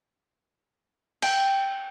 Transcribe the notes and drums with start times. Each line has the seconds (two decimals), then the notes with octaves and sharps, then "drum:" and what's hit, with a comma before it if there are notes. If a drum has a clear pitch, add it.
1.22 G5, drum: cymbal